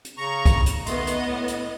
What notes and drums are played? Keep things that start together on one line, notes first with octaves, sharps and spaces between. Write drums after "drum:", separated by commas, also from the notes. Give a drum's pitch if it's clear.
drum: hi-hat
C#3 A#5 C#6
drum: kick C2, hi-hat
drum: hi-hat
D#3 A3 B3 D#5 C6, drum: hi-hat
drum: hi-hat
A2
drum: hi-hat